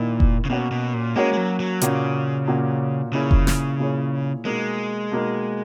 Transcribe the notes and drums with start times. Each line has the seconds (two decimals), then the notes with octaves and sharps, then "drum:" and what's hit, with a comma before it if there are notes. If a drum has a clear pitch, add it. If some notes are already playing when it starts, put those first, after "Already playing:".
Already playing: A#2 D#3 A#3 E4 A#4 D#5
0.20 drum: kick F1
0.45 C#3
0.50 B2 A#3 C#4 F#4 A#4 C#5
0.71 B2
0.94 A#2
1.16 G#3 A#3 C#4 F#4 A#4 C#5
1.33 G#3
1.37 F#3
1.60 F#3
1.81 A#2 C#3 A#3 C#4 F#4, drum: hi-hat
2.48 A#2 A#3 C#4 F#4
3.13 A#2 C#3 A#3 E4 G#4 C#5
3.31 drum: kick F1
3.47 drum: snare
3.79 A#2 A#3 E4 G#4 C#5
4.45 B2 G#3 A#3 D#4 A#4
5.12 B2 A#3 D#4 A#4